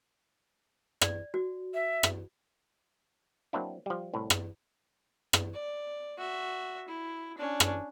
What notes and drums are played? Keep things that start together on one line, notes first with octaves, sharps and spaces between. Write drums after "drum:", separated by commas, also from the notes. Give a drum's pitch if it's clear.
D5, drum: rim click
F#4
E5
drum: rim click
F#3 A#3 C4 D4 E4
F3 G3
C2 A2
drum: rim click
drum: rim click
D5
F#4 E5
E4
C#4 D4
drum: rim click